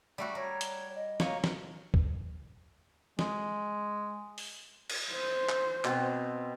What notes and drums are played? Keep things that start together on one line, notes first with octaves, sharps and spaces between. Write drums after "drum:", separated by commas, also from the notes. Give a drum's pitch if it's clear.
G3 A3 F#4
A#4 C#5
drum: hi-hat
D#5
A#3 C#5 G#5, drum: snare
drum: snare
drum: kick
G#3, drum: snare
drum: open hi-hat
drum: cymbal
C5
drum: clap
B2 C4, drum: clap